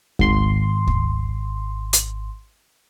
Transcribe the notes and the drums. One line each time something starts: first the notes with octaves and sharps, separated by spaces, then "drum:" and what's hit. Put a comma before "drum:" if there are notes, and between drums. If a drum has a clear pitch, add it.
G#1 C6, drum: kick D2
drum: kick D2
drum: hi-hat